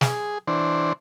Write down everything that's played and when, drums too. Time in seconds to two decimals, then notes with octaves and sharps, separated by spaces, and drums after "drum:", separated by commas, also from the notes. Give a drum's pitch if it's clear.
0.01 G#4, drum: snare
0.47 E3 D4 C5